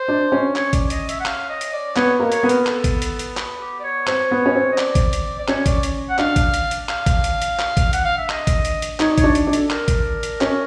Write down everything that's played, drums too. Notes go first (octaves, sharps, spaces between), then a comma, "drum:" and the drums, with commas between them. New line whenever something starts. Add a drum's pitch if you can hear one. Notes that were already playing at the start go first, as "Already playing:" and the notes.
Already playing: C5
D4
C#4
C#5, drum: clap
D5, drum: kick, hi-hat
D#5, drum: hi-hat
E5, drum: hi-hat
F#5
F5, drum: clap
D#5
drum: hi-hat
D5
B3 C#5, drum: clap
A#3
C#5, drum: hi-hat
B3
A#4, drum: hi-hat
A#4
A4, drum: clap
drum: kick, hi-hat
drum: hi-hat
drum: hi-hat
drum: clap
G4
D5
C#5
C4 C#5, drum: clap
B3
C#4
C4
D#5
D5, drum: clap
drum: kick, hi-hat
drum: hi-hat
D5
C#4 C#5, drum: clap
D5, drum: kick, hi-hat
drum: hi-hat
F#5
D4 F5, drum: clap
drum: kick, hi-hat
drum: hi-hat
drum: hi-hat
F5, drum: clap
drum: kick, hi-hat
drum: hi-hat
drum: hi-hat
drum: clap
drum: kick, hi-hat
F#5, drum: hi-hat
F5
E5
D#5, drum: clap
drum: kick, hi-hat
drum: hi-hat
drum: hi-hat
D#4 C#5, drum: clap
D5
C#5, drum: kick, hi-hat
D4
drum: hi-hat
D4
A4, drum: hi-hat
A#4, drum: clap
drum: kick, hi-hat
drum: hi-hat
C#4, drum: clap